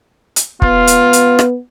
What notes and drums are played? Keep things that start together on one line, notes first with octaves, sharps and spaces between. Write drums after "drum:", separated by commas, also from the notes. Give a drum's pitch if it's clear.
drum: hi-hat
B3 F4, drum: kick
drum: hi-hat
drum: hi-hat
drum: rim click